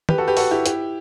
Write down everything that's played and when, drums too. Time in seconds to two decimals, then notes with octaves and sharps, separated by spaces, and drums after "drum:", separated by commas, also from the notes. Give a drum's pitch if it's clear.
0.09 G4 B4, drum: tom
0.18 F#4 A4
0.28 G4 B4
0.37 F#4 A4, drum: open hi-hat
0.51 E4 G4
0.66 E4 G4, drum: hi-hat